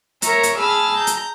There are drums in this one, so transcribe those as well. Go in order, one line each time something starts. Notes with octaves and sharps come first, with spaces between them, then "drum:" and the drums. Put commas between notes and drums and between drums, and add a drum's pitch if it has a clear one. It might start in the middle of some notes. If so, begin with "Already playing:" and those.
A#4 C#5 E5 A#5, drum: hi-hat
drum: hi-hat
G#4 A5 B5 E6 F6
A#5 G6
drum: hi-hat